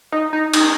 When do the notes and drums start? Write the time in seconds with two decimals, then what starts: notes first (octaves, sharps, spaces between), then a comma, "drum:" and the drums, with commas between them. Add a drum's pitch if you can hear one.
0.12 D#4
0.33 D#4
0.53 D#4, drum: cymbal